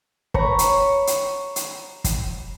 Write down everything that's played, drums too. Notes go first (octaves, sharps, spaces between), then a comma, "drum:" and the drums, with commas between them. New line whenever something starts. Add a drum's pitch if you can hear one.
C#5 A#5 B5 C#6, drum: kick
drum: hi-hat
drum: hi-hat
drum: hi-hat
drum: kick, hi-hat